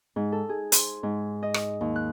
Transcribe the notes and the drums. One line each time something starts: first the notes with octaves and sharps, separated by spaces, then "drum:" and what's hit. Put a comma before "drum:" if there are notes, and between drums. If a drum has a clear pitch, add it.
G#2
A4
G#4
C5, drum: hi-hat
G#2
D#5
drum: rim click
D#2
F#6